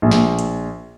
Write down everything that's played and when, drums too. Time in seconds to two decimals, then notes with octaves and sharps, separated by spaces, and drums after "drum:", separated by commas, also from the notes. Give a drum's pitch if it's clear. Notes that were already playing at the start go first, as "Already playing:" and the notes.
0.02 A#1
0.11 drum: snare
0.39 drum: hi-hat